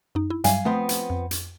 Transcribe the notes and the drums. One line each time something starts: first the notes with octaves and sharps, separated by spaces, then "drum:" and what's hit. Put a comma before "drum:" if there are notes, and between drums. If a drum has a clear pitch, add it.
F#2 D#4
E4
G2 F#3 G3 F5 G#5, drum: hi-hat
F3 A3 B3 C4
drum: hi-hat
F2
drum: hi-hat